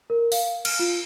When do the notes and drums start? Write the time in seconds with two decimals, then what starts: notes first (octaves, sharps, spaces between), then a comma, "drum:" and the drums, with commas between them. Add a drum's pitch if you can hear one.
0.10 A#4
0.32 F5, drum: open hi-hat
0.65 F6, drum: cymbal
0.79 F4